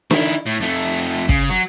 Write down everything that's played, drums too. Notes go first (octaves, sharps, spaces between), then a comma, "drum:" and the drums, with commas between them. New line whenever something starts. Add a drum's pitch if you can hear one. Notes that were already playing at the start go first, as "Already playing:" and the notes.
D#3 E4, drum: snare
A2
F2 A3
C#3, drum: kick
F#3